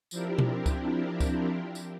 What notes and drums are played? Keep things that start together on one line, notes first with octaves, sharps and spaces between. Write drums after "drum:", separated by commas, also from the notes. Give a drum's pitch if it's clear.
F3 C4 D4 E4 G4 A#4, drum: tambourine
drum: tom B2
drum: kick C#2, tambourine
drum: kick C#2, tambourine
drum: tambourine